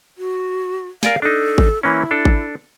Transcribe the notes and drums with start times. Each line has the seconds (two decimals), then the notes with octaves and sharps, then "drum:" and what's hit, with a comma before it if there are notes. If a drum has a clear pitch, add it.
0.18 F#4
1.03 A#4 D5 F5 G#5, drum: snare
1.22 D4 D#4 A4
1.58 drum: kick G#1
1.83 E3 A#3 C#4 E4
2.11 D4 A4
2.25 drum: kick G#1